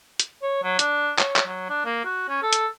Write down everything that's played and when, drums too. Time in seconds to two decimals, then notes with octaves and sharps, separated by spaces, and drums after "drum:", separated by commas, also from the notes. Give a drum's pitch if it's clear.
0.20 drum: hi-hat
0.43 C#5
0.63 F#3
0.79 D4, drum: hi-hat
1.19 C#5, drum: clap
1.36 drum: clap
1.47 F#3
1.70 D4
1.85 A#3
2.05 F#4
2.29 C#4
2.43 A4
2.53 drum: hi-hat